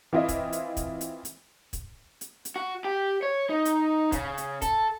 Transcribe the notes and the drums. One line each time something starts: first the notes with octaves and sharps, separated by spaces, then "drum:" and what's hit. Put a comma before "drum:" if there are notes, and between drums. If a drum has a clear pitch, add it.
E3 C4 E4 F4 D#5
drum: kick, hi-hat
drum: hi-hat
drum: kick, hi-hat
drum: hi-hat
drum: hi-hat
drum: kick, hi-hat
drum: hi-hat
drum: hi-hat
F#4
G4
C#5
D#4
drum: hi-hat
C#3, drum: kick, hi-hat
drum: hi-hat
A4, drum: kick, hi-hat